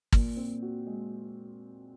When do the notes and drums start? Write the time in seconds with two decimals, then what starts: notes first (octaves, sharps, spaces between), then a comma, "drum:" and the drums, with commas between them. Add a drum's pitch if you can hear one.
0.12 A#2, drum: kick G#1
0.37 C4
0.62 F#4
0.87 G#3